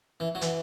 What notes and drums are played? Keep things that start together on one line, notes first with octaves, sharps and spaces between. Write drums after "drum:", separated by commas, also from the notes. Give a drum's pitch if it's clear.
E3
F#3
E3, drum: hi-hat